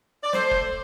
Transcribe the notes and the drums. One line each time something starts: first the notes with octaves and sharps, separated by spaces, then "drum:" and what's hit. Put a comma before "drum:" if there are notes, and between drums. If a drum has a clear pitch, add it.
D5
A3 A4 C5, drum: snare
drum: kick F1